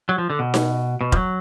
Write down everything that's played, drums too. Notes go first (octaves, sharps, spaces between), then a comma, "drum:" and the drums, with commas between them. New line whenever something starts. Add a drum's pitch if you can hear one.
F#3
F3
D3
B2
drum: snare D#4
B2
F3, drum: kick F1
F#3